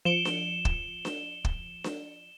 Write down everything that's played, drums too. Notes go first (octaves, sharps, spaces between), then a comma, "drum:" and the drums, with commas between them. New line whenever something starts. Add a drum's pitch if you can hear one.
F3 C#7 D7 E7 G7
drum: snare D4
drum: kick
drum: snare D4
drum: kick
drum: snare D4